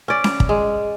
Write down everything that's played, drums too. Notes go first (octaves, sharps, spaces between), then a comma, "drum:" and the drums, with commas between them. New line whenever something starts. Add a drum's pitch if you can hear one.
C#4 D5
drum: snare C#4
drum: kick
G#3